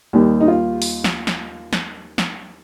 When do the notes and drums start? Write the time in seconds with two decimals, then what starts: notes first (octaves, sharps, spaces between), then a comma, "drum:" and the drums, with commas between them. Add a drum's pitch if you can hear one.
0.13 D#2 D#3 G3
0.41 D#4
0.48 F4
0.82 drum: open hi-hat
1.04 drum: snare
1.27 drum: snare
1.73 drum: snare
2.18 drum: snare